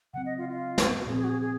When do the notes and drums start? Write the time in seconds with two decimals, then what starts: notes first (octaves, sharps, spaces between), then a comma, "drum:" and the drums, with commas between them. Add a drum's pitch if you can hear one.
0.14 C#3 F#3 C4 F#5
0.26 D#5
0.38 F4
0.49 F4
0.78 drum: snare
0.99 F#4
1.06 A#2 F3 C4 G#4
1.17 G#4
1.24 F#4
1.29 G#4
1.42 G#4